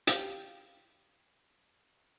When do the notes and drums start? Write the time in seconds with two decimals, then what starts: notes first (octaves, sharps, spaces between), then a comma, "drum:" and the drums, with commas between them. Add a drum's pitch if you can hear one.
0.07 G4 F5 G5, drum: hi-hat